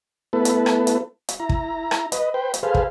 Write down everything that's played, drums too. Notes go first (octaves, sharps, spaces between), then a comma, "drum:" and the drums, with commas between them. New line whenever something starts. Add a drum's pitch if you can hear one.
A3 B3 E4 A4 B4
drum: hi-hat
drum: rim click
drum: hi-hat
drum: hi-hat
E4 A#5
drum: kick
drum: rim click
B4 D#5, drum: hi-hat
B4 C5 G5
drum: hi-hat
G#4 A4 B4 C5 F5
drum: kick